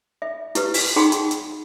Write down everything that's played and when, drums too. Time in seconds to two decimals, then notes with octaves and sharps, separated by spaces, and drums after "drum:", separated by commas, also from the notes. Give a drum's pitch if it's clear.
0.22 E5
0.55 E4 G4 B4, drum: hi-hat
0.74 drum: open hi-hat
0.96 D#4 G#4 F#5 G5 B5 C6
1.12 drum: hi-hat
1.31 drum: hi-hat